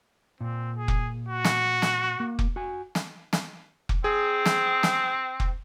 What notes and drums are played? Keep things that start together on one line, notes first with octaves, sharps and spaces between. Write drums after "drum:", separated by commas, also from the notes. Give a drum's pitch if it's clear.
A#2 C4
G#4
drum: kick F1
F#4
drum: snare
drum: snare
A#3
drum: kick F1
F#4 G#5
drum: snare
drum: snare
drum: kick F1
C4 G#4
drum: snare
drum: snare
drum: kick F1